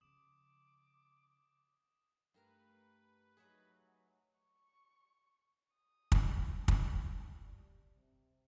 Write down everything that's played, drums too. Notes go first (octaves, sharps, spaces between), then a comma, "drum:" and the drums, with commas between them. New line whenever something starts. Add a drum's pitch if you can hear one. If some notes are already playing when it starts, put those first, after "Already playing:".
C#3 F3 D6 D#6 E7
G2 A3 A#4 B4 A#5
F#3 D#4 G#4 E5 F#5
C#6
D#6
drum: kick
drum: kick
G3
C3